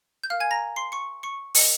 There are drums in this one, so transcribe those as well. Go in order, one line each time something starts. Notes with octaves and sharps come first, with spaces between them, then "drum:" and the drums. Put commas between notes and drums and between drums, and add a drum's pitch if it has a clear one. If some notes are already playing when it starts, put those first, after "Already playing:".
G6
A#4 F5 F6
G#5 G#6
A#5 A#6
C6 C7
C#6 C#7
C#6 C#7
A#4 D#5 G5, drum: open hi-hat